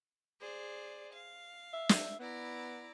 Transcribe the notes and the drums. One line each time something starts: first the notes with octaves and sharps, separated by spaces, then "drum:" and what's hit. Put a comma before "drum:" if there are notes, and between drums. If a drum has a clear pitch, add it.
G#4 C5 D5
F5
E5
drum: snare
B3 E4 D5 A#5